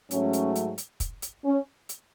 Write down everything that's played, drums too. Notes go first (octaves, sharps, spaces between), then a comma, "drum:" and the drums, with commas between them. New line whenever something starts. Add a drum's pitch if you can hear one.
G#2 F#3 A3 C#4, drum: hi-hat
drum: hi-hat
drum: hi-hat
drum: hi-hat
drum: kick, hi-hat
drum: hi-hat
C#4
drum: hi-hat